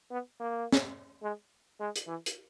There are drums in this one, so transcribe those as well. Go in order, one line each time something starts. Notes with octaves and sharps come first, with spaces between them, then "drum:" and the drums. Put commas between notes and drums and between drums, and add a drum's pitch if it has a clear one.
B3
A#3
drum: snare
G#3
G#3
drum: hi-hat
E3
drum: hi-hat